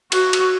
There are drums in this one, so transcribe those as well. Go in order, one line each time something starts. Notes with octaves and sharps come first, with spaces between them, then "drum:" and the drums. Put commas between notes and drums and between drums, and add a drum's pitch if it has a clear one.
F#4, drum: cymbal
drum: cymbal